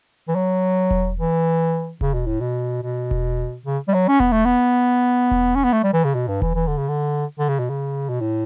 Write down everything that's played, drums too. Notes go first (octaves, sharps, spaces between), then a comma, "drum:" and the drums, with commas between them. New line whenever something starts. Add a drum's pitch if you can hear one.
E3
F#3
drum: kick E1
E3
C#3, drum: kick E1
B2
A2
B2
B2
drum: kick E1
C#3
G3
F#3
C#4
B3, drum: kick E1
A3
B3
drum: kick E1
C#4
B3
A3
G3
E3
C#3
B2
G2
E3, drum: kick E1
E3
D3
C#3
D3
D3
C#3
B2
C#3
B2
A2